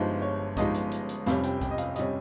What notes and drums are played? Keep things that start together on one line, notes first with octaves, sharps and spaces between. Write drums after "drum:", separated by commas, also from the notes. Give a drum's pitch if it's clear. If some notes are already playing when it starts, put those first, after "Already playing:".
Already playing: G1 G2 F3 G#3 D#4 C5
C#5
G1 G2 F3 G#3 D#4 D#5, drum: kick B1, hi-hat
drum: hi-hat
drum: hi-hat
drum: hi-hat
F1 F2 C3 G3 C#4 F5, drum: snare
G5, drum: hi-hat
G5, drum: kick B1, hi-hat
D#5
F5, drum: hi-hat
D#5, drum: hi-hat
C3 G3 C#4